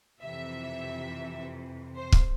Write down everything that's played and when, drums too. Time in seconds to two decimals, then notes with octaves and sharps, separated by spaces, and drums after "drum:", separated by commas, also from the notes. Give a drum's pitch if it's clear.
0.21 F2 C3 E3 E5
1.96 C5
2.12 drum: kick